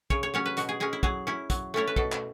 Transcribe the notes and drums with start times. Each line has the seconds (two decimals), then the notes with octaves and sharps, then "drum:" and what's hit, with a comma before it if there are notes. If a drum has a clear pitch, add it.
0.10 C#3 C#5, drum: kick
0.23 C#5
0.34 F#3 C#4 C#5
0.46 B4
0.57 B2 F#4, drum: hi-hat
0.69 G#4
0.80 G#3 C#4 G#4
0.93 E4
1.03 F#3 G#4, drum: kick
1.27 C#4 E4
1.50 F#3, drum: kick, hi-hat
1.74 A3 C#4 E4 C#5
1.87 B4
1.96 B2 A4, drum: kick
2.12 drum: clap